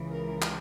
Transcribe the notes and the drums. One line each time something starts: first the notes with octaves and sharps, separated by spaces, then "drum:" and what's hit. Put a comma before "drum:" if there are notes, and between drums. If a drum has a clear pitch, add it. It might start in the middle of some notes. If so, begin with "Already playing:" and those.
Already playing: C#2 C#3 E3
A#4
drum: clap